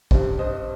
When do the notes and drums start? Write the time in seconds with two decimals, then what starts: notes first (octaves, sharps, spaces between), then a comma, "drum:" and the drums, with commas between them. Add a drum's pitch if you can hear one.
0.11 G2 G3 C4, drum: kick
0.39 C5 D#5